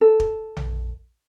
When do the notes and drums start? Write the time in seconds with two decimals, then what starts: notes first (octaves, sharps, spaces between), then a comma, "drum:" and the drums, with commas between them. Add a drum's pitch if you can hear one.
0.01 A4
0.20 drum: kick
0.57 drum: tom A#1